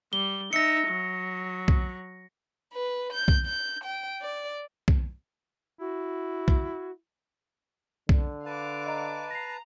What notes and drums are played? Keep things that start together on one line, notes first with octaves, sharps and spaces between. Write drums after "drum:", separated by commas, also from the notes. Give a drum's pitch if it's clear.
G3 G7
D#4 E5 A#6 C#7
F#3
drum: kick B1
B4
G6
drum: kick B1
G6
G5
D5
drum: kick B1
E4 F#4
drum: kick B1
D3, drum: kick B1
B4 F5 A5 D6
D#5 A#5
A#5 A#6 C7